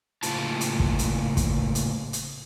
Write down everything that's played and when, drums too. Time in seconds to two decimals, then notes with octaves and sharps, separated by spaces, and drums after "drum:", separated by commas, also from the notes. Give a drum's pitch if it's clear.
0.23 A2 C#3 A#3 F4 A5, drum: hi-hat
0.61 drum: hi-hat
0.80 drum: kick
0.99 drum: hi-hat
1.37 drum: kick, hi-hat
1.75 drum: hi-hat
2.13 drum: hi-hat